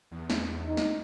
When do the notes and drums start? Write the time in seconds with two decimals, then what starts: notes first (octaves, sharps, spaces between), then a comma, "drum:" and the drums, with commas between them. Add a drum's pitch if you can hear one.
0.11 E2
0.30 drum: snare
0.65 D#4
0.77 drum: snare